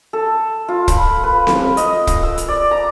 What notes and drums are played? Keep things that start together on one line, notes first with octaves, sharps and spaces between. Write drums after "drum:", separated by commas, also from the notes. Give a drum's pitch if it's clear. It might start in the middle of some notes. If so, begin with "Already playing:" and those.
A4
F4
B5, drum: kick, hi-hat
B4
drum: snare C4
D#5, drum: hi-hat
drum: kick, hi-hat
E6
drum: hi-hat
D5
A#5